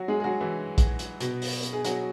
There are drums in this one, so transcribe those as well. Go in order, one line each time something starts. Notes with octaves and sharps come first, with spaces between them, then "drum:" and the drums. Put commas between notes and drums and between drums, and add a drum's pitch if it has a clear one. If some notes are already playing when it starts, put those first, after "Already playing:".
Already playing: F#3 F#4
G#3 G#4
G#4
F#3 F#4
E3 E4
drum: kick A#1, hi-hat
drum: hi-hat
B2 B3, drum: hi-hat
drum: open hi-hat
drum: hi-hat
G#4
F#3 F#4, drum: hi-hat